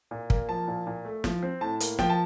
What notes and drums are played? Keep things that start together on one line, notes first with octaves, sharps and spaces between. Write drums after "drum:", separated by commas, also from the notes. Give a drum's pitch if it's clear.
A#2
A#3, drum: kick
F3 A5
A#2
A#2
A3
F3, drum: snare
C4
A2 A5
A#3, drum: hi-hat
F3 G5, drum: snare
A5